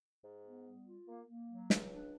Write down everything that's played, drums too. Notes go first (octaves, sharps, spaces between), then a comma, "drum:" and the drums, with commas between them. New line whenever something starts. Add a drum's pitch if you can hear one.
G#2
B3
G3
F4
A#3
A#3
F#3
C#2, drum: snare
D4